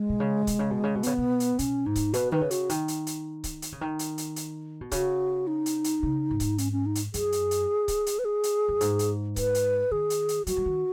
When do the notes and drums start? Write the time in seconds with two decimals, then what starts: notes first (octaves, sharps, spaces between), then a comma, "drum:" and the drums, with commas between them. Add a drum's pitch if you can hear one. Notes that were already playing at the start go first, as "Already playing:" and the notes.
Already playing: G#3
0.09 B2
0.20 C#3
0.47 B2, drum: kick C#1, hi-hat
0.59 C#3
0.71 B2
0.84 C#3
0.95 B2
1.03 C#3 B3, drum: hi-hat
1.18 B2
1.40 drum: hi-hat
1.59 B2 C#4, drum: hi-hat
1.86 G#2 D#4
1.96 drum: kick C#1, hi-hat
2.14 B2 B4, drum: hi-hat
2.32 D#3 B4
2.41 C#3
2.51 F#4, drum: hi-hat
2.69 D#3, drum: hi-hat
2.88 drum: hi-hat
3.07 drum: hi-hat
3.44 drum: kick C#1, hi-hat
3.62 drum: hi-hat
3.72 C#3
3.81 D#3
3.99 drum: hi-hat
4.18 drum: hi-hat
4.36 drum: hi-hat
4.81 B2
4.91 C#3 F#4, drum: kick C#1, hi-hat
5.47 D#4
5.66 drum: hi-hat
5.84 drum: hi-hat
6.03 C#3
6.31 G#2
6.40 drum: kick C#1, hi-hat
6.58 C#4, drum: hi-hat
6.72 C#4
6.86 D#4
6.95 drum: hi-hat
7.14 F#2 G#4, drum: hi-hat
7.32 drum: hi-hat
7.51 drum: hi-hat
7.88 drum: kick C#1, hi-hat
8.06 drum: hi-hat
8.19 B4
8.25 G#4
8.43 drum: hi-hat
8.68 F#2
8.81 G#2, drum: hi-hat
8.99 drum: hi-hat
9.36 B4, drum: kick C#1, hi-hat
9.55 drum: hi-hat
9.91 D#3 G#4
10.10 drum: hi-hat
10.29 drum: hi-hat
10.47 F#3 F#4, drum: hi-hat
10.57 F#3
10.66 D#3